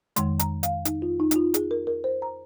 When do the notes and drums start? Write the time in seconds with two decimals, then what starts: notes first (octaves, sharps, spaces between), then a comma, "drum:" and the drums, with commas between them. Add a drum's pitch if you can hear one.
0.16 F2 D#3 G#3 C6, drum: hi-hat
0.39 A#5, drum: hi-hat
0.63 F5, drum: hi-hat
0.85 D#4, drum: hi-hat
1.02 F4
1.20 D#4
1.31 D#4, drum: hi-hat
1.36 F4
1.54 G#4, drum: hi-hat
1.71 A#4
1.87 A#4
2.04 C5
2.22 A#5